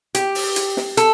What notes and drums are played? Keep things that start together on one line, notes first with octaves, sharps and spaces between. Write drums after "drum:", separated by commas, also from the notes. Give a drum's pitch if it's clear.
G4, drum: hi-hat
drum: open hi-hat
drum: hi-hat
drum: snare
A4, drum: hi-hat